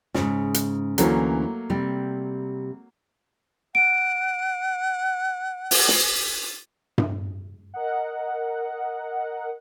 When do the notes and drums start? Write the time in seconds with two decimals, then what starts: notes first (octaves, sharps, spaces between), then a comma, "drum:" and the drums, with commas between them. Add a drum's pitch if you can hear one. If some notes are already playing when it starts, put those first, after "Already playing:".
0.14 G#2 C#3, drum: snare
0.54 drum: hi-hat
0.98 D2 E3 F#3 A3 A#3 C#4, drum: hi-hat
1.70 C3 G3
3.75 F#5 D7
5.71 drum: open hi-hat
5.88 drum: snare
6.98 drum: tom G2
7.74 A#4 D#5 F#5